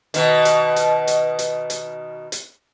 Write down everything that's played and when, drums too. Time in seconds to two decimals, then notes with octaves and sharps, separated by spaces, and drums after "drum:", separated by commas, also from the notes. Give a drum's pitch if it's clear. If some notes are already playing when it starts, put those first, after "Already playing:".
0.14 B2 D#3, drum: hi-hat
0.45 drum: hi-hat
0.76 drum: hi-hat
1.07 drum: hi-hat
1.39 drum: hi-hat
1.70 drum: hi-hat
2.32 drum: hi-hat